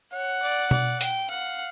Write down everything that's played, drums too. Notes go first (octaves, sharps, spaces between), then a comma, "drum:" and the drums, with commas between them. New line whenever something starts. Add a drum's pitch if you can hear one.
C#5 F#5
D5
D5, drum: tom B2
G5, drum: hi-hat
F5 F#5